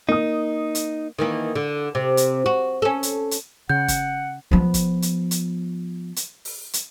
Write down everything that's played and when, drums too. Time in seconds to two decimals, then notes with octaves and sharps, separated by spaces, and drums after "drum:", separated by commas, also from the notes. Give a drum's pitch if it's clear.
0.09 A#3 D#4 D#6
0.75 drum: hi-hat
1.19 D#3 E3 A#3
1.55 D3
1.95 C3
2.17 drum: hi-hat
2.46 F#4
2.82 C#4 A4
3.03 drum: hi-hat
3.31 drum: hi-hat
3.70 C#3 F#5 G6
3.88 drum: kick, hi-hat
4.51 F3 B3
4.74 drum: kick, hi-hat
5.02 drum: hi-hat
5.31 drum: hi-hat
6.16 drum: hi-hat
6.45 drum: open hi-hat
6.73 drum: hi-hat